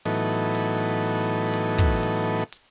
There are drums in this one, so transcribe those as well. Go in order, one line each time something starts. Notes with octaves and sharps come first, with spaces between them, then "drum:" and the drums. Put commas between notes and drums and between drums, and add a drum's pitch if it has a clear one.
A2 E3 F#3 B3 D#4 A4, drum: hi-hat
drum: hi-hat
drum: hi-hat
drum: kick
drum: hi-hat
drum: hi-hat